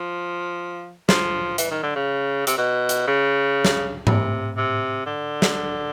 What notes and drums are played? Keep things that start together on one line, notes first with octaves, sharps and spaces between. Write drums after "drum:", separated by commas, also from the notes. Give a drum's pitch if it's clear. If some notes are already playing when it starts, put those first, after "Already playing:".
Already playing: F3
F3, drum: snare
E3, drum: hi-hat
D#3
D3
C#3
C3, drum: hi-hat
B2
drum: hi-hat
C#3
drum: snare
C3, drum: tom G#2
C3
D3
drum: snare